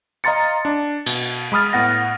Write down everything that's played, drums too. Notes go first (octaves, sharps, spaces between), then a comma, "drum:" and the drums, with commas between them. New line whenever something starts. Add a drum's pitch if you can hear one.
D#5 F5 A#5 C6 A6 C#7
D4
B2, drum: cymbal
G#3 B5 D#6 F6 A6
A2 B3 F#5 A#6